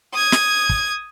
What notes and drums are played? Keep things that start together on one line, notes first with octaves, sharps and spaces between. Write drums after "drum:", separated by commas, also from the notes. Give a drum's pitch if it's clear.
D#6 G#6
drum: snare
drum: kick